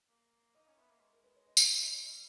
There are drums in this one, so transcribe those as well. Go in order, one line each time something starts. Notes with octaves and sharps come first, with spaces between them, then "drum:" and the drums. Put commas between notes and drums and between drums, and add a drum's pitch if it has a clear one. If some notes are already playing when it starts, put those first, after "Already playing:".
A#3
D#4 D#5
C#4
B3 E5
A#3
G#3
A#4
B4
C#5
D#5
drum: tambourine
E5
D#5
G3 C#5
G3 D#5